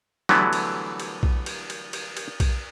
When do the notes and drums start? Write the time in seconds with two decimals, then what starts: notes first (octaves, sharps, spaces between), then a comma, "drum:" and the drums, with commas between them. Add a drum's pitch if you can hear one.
0.29 D3 E3 F#3 G3 A3 B3, drum: snare
0.53 drum: cymbal
1.00 drum: cymbal
1.23 drum: kick B1
1.46 drum: cymbal
1.70 drum: cymbal
1.93 drum: cymbal
2.17 drum: cymbal
2.40 drum: kick B1, cymbal